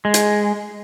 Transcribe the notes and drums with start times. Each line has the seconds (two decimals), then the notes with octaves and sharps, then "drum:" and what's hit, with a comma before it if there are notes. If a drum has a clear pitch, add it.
0.05 G#3
0.14 drum: hi-hat